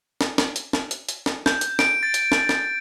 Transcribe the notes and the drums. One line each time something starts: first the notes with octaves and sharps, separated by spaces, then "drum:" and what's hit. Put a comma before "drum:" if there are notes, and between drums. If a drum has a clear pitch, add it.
drum: snare
drum: snare
drum: hi-hat
drum: snare
drum: hi-hat
drum: hi-hat
drum: snare
G6, drum: snare
drum: hi-hat
D7, drum: snare
A6
drum: hi-hat
drum: snare
drum: snare